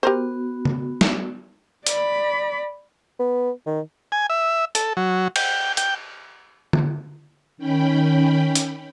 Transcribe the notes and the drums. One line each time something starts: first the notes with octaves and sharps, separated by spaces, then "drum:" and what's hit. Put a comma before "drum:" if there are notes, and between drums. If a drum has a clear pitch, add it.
B3 F#4 G4 A#4 C5
drum: tom C#3
drum: snare
D5 B5, drum: hi-hat
B3
D#3
G#5
E5
A4, drum: hi-hat
F#3
G5, drum: cymbal
G5, drum: hi-hat
drum: tom D3
D#3 C#4 G5 B5
drum: hi-hat